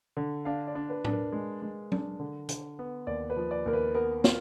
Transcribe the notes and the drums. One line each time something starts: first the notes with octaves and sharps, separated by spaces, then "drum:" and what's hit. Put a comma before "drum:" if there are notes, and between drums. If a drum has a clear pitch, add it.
D3
D4 F5
D5
D4
B4
D4, drum: tom A2
A#4
G#3
G#3
D4, drum: tom F#3
D3
D3, drum: hi-hat
B3
D#2 D5
B4
F3
D5
D#2 A#4
B4
B3 A#4
F4, drum: snare